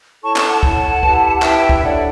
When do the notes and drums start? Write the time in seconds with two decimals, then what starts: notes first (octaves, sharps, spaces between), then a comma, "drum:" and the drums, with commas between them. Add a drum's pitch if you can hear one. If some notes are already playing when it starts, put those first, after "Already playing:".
0.23 E4 A4 C#5 A5 C#6
0.36 A5 C#6, drum: clap
0.49 F#5 A5
0.63 E4 A4 C#5, drum: kick
1.03 E4 G4 B4, drum: kick
1.42 E4 G4 B4 E5 G5, drum: clap
1.69 drum: kick
1.83 D4 A4 C#5 D5 F#5